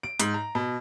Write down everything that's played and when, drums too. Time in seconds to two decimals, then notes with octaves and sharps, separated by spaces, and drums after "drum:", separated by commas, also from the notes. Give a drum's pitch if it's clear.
0.03 D7
0.20 G#2, drum: hi-hat
0.34 A#5
0.55 B2